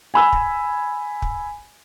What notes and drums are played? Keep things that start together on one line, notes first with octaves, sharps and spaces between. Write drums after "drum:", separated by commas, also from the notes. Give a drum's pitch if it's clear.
G#5 B5 E6
drum: kick
drum: kick